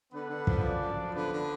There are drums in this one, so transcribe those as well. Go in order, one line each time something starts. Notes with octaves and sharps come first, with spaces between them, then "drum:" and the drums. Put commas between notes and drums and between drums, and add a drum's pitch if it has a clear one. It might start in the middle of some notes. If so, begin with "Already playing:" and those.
D3 B3 B4
D3
F3, drum: kick
F#2 D4 D5
F3
F3
D3 B3 B4
D3